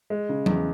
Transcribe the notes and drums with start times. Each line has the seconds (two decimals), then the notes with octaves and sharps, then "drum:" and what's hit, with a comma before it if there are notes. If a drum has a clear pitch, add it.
0.10 G#3
0.29 C#3
0.46 E2, drum: tom F#3